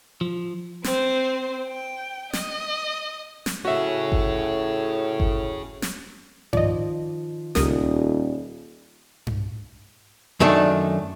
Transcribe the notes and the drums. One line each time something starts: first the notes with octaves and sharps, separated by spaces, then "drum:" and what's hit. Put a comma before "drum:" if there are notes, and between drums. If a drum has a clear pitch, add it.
F3
C4 C5, drum: snare
G5
D#5, drum: snare
drum: snare
A2 C#4 F#4 G#4 E5
drum: kick G1
drum: kick G1
drum: snare
D#3 F3 D5 D#5, drum: tom G2
D#1 C#2 G4 A#4 D#6, drum: snare
drum: tom G2
F#2 D#3 A3 D4